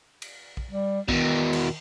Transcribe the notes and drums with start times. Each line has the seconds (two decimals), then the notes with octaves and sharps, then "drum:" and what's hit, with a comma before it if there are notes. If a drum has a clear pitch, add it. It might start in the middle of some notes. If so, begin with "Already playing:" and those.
0.22 drum: cymbal
0.57 drum: kick A#1
0.71 G3
1.09 E2 B2 D#3, drum: kick A#1
1.53 drum: cymbal